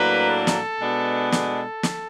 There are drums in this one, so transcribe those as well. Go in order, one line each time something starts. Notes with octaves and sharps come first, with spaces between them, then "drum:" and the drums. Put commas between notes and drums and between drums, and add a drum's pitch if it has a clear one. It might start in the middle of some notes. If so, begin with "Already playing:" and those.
Already playing: A2 F#3 A#3 D4 B4
A4
drum: snare
B2 G#3 B3 D4
A4, drum: snare
drum: snare